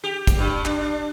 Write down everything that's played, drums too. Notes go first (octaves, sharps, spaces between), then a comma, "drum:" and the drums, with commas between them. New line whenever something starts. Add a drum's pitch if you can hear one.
G4
drum: kick, hi-hat
G2
D4, drum: clap
D4